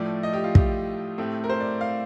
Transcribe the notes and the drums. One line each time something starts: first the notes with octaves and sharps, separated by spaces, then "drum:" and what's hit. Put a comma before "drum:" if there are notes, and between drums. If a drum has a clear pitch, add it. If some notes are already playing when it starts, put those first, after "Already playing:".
Already playing: A2 F3 A3 D5
D#5
G4
F4
G4, drum: kick
A2 A3 C4
A#4
C5
D5
F5